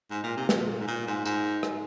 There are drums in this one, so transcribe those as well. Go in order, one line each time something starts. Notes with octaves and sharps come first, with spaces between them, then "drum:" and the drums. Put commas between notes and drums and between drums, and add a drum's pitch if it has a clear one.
G#2
A#2
C3
A#2, drum: snare
G#2
A#2
G#2
G#2, drum: tambourine
drum: rim click